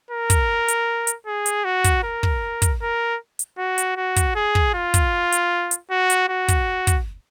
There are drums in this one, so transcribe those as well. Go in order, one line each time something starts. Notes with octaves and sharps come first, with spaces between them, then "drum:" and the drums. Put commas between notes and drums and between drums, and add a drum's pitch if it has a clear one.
A#4
drum: kick, hi-hat
drum: hi-hat
drum: hi-hat
G#4
drum: hi-hat
F#4
drum: kick, hi-hat
A#4
drum: kick
drum: kick, hi-hat
A#4
drum: hi-hat
F#4
drum: hi-hat
F#4
drum: kick, hi-hat
G#4
drum: kick
F4
drum: kick, hi-hat
drum: hi-hat
drum: hi-hat
F#4
drum: hi-hat
F#4
drum: kick, hi-hat
drum: kick, hi-hat